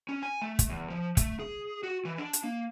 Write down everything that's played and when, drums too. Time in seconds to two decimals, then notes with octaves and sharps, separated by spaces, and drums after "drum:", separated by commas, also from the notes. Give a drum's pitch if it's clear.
0.09 C#4
0.23 G#5
0.42 A3
0.59 drum: kick, hi-hat
0.69 E2
0.90 F3
1.17 A3, drum: kick, hi-hat
1.39 G#4
1.83 F#4
2.05 E3
2.18 D4
2.33 drum: hi-hat
2.44 A#3